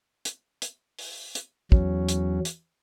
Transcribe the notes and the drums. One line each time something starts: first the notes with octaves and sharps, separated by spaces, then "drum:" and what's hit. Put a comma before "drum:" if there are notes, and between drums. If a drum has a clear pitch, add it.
drum: hi-hat
drum: hi-hat
drum: open hi-hat
drum: hi-hat
E2 F#3 C#4, drum: kick
drum: hi-hat
drum: hi-hat